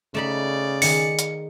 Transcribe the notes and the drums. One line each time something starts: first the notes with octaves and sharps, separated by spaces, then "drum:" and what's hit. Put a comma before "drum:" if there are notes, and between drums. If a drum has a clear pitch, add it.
C#3 A3 D#4 D5 B5
D#3 G#4 C#7, drum: open hi-hat
drum: hi-hat